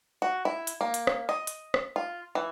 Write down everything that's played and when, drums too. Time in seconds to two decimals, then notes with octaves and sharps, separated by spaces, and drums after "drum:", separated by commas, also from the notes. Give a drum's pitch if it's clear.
0.22 F#4
0.45 E4
0.67 drum: hi-hat
0.81 A#3
0.94 drum: hi-hat
1.07 drum: rim click
1.29 D#5
1.47 drum: hi-hat
1.74 drum: rim click
1.96 F4
2.35 E3